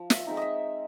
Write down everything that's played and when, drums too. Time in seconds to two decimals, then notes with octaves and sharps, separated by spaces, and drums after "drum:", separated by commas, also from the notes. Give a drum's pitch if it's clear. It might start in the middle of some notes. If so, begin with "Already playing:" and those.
Already playing: F3
0.10 E5, drum: snare
0.27 G#3 C4 D#4
0.37 D#5 E5